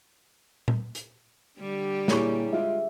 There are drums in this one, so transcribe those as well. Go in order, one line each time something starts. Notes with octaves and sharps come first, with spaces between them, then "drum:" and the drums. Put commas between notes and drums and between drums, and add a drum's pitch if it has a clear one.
drum: tom A#2
drum: hi-hat
D3 G3 G4
A#2 E4 G#4 C#5 C#6, drum: snare
G#3 F4 E5